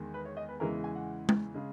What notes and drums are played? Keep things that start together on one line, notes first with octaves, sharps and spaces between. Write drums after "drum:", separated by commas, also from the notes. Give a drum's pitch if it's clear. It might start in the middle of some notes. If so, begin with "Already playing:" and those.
Already playing: E2 D#3 G#3
B4
C#5
D#5
B4
E2 C#3 E3 G#3 A#4
G#5
F#5
drum: tom G#3
C#3 G#3